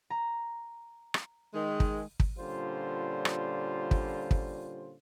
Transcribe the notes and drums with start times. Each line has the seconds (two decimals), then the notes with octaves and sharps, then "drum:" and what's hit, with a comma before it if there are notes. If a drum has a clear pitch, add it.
0.10 A#5
1.14 drum: rim click
1.54 D#3 G#3
1.80 drum: kick
2.20 drum: kick
2.39 A#2 D3 G3 C#4 F4 C5
3.25 drum: rim click
3.91 drum: kick
4.31 drum: kick